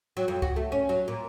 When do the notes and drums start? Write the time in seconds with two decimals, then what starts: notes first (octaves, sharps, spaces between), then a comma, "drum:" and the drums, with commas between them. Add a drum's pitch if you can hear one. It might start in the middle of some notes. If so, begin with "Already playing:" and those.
0.17 F#3
0.28 F2
0.42 F#4, drum: kick C#2
0.56 A3
0.72 C#4
0.89 F#3
1.08 A#2